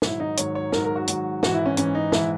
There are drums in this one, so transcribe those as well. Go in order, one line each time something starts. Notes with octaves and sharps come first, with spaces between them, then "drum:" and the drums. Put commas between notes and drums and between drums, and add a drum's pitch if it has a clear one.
G#2 D#3 F#3 E4, drum: snare
D#4
G#2 D#3 F#3 C#5, drum: hi-hat
C#5
G#2 D#3 F#3 A#4, drum: snare
A#4
F#4
G#2 D#3 F#3, drum: hi-hat
G#2 E3 F#4, drum: snare
E4
C#4
G#2 E3 C#4, drum: hi-hat
D#4
G#2 E3 E4, drum: snare